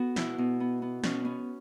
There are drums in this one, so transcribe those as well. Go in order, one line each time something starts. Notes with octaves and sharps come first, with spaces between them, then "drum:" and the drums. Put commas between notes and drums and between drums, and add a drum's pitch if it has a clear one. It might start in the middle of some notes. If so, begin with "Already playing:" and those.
Already playing: B3 F#4 A4
B2 E4, drum: snare
B2
B3
B3
B2 C#4, drum: snare
B3 C#4